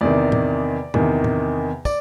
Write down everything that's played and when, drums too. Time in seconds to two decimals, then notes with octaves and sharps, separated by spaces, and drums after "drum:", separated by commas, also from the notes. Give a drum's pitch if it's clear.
0.01 E2 C3 D#3 D5
0.32 drum: tom
0.94 E2 C3 D#3, drum: tom
1.24 drum: tom
1.85 D5, drum: kick, tambourine